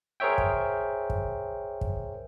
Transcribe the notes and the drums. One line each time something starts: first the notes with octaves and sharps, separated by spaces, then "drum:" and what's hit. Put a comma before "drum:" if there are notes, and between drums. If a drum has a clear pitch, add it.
G#4 A#4 C5 C#5 E5 G5
drum: kick
drum: kick
drum: kick